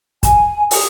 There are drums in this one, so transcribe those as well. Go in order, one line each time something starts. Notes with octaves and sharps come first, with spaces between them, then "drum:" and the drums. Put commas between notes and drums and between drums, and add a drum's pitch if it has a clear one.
G#5, drum: kick, hi-hat
D#6, drum: open hi-hat